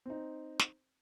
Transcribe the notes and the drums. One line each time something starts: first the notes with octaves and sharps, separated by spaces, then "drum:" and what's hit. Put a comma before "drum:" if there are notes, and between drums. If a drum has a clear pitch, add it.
C4 D#4
drum: snare